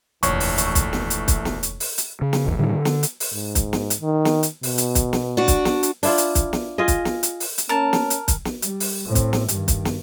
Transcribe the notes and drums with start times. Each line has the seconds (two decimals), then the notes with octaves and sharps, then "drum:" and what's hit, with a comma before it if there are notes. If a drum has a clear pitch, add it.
0.23 F1 A#1 D#2 E3 A3 C#5 C#6, drum: hi-hat
0.40 drum: open hi-hat
0.58 drum: hi-hat
0.75 drum: kick, hi-hat
0.93 drum: snare
1.10 drum: hi-hat
1.28 drum: kick, hi-hat
1.45 drum: snare
1.63 drum: hi-hat
1.80 drum: open hi-hat
1.98 drum: hi-hat
2.22 C#3
2.33 drum: snare
2.46 D1 G#1 E2
2.59 A2 D3 D#3 G3
2.74 D3
2.85 drum: snare
3.03 drum: hi-hat
3.20 drum: open hi-hat
3.33 G#2
3.55 drum: kick, hi-hat
3.73 drum: snare
3.90 drum: hi-hat
4.01 D#3
4.25 drum: snare
4.43 drum: hi-hat
4.63 B2, drum: open hi-hat
4.78 drum: hi-hat
4.95 drum: kick, hi-hat
5.13 drum: snare
5.37 D4 F#4
5.48 drum: kick, hi-hat
5.65 drum: snare
5.83 drum: hi-hat
6.03 D4 E4 F4, drum: open hi-hat
6.18 drum: hi-hat
6.35 drum: kick, hi-hat
6.53 drum: snare
6.78 F4 G#4 D#5
6.88 drum: kick, hi-hat
7.05 drum: snare
7.23 drum: hi-hat
7.40 drum: open hi-hat
7.58 drum: hi-hat
7.69 A#3 C#4 A#4 A5
7.93 drum: snare
8.10 drum: hi-hat
8.28 drum: kick, hi-hat
8.45 drum: snare
8.62 G3, drum: hi-hat
8.80 drum: open hi-hat
9.06 A2 C4
9.15 drum: kick, hi-hat
9.33 drum: snare
9.48 G2 D#3, drum: hi-hat
9.68 drum: kick, hi-hat
9.85 drum: snare